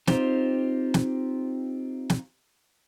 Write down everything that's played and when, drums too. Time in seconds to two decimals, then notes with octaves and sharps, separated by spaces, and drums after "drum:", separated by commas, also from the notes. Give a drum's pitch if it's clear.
0.07 C4 D#4 F4 G4 C5, drum: snare
0.94 drum: snare
2.10 drum: snare